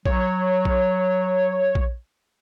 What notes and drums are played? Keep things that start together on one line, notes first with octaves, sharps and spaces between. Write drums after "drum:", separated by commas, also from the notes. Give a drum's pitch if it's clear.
F#3 C#5, drum: kick A#1
drum: kick A#1
drum: kick A#1